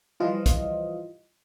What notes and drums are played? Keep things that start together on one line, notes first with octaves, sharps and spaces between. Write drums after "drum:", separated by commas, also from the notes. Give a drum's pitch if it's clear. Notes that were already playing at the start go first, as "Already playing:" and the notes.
E3 F3 G3 F4 D#5
drum: kick, hi-hat